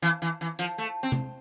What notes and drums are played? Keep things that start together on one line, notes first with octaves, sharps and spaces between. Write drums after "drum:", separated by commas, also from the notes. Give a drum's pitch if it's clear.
E3
E3
E3
F3, drum: hi-hat
A3
C4
drum: tom C3